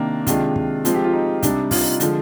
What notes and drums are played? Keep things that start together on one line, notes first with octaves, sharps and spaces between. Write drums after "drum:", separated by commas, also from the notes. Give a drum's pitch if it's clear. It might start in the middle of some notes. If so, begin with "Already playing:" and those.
Already playing: C3 D#3 A#3 D4
C3 D#3 G#3 D4 F4, drum: kick, hi-hat
drum: kick
F3 G#3 C4 F4, drum: hi-hat
G4
F4
D#4
C3 G3 D4, drum: kick, hi-hat
F4, drum: kick, open hi-hat
D#4
F4
D3 F3 G#3, drum: hi-hat